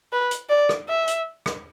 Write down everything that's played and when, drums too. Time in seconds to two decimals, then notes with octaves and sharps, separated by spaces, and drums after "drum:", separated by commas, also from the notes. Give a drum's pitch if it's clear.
0.12 B4
0.31 drum: hi-hat
0.50 D5
0.69 drum: rim click
0.89 E5
1.08 drum: hi-hat
1.46 drum: rim click